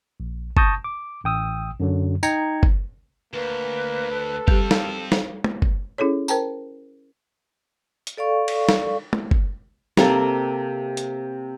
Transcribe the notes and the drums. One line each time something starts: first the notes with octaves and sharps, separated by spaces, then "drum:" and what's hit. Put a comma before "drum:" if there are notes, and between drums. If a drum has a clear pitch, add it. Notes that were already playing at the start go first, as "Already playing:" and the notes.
A#1
A5 C#6 D#6 G6 A#6, drum: kick
D6
A1 G5 D#6 E6
F#2 D3 F#3
D#4 G5 A#5 G#6 C#7, drum: tambourine
drum: kick
D2 A#3 B4
A4
G3 C4 G4 F5, drum: kick
drum: snare
drum: snare
drum: tom
drum: kick
C#4 E4 G#4 A4 C#5
A#4 C5 G5 A5 A#5, drum: tambourine
drum: hi-hat
A4 D5 F5 C#6
drum: cymbal
drum: snare
drum: tom
drum: kick
C3 A#3 A4, drum: snare
drum: hi-hat